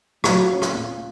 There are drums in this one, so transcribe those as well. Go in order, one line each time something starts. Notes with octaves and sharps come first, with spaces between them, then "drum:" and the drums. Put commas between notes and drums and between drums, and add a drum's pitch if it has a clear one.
A#2 F#3, drum: rim click
C#4
drum: rim click
A#2